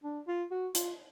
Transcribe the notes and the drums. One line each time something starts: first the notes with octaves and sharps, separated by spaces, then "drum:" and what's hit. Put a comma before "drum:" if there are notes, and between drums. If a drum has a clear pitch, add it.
D4
F4
F#4
F4, drum: hi-hat